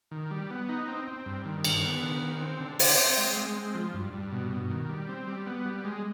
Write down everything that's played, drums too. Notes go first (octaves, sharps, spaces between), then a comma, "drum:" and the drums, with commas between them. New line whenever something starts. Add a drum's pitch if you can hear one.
D#3
G3
B3
D#4
C4
C4
G2
D#3
D3, drum: cymbal
B3
D#3
D#3
C4
D3
C5, drum: open hi-hat
C4
G#3
G#3
C4
F3
G2
G2
B2
B2
D#3
G3
C4
G3
B3
G3
G#3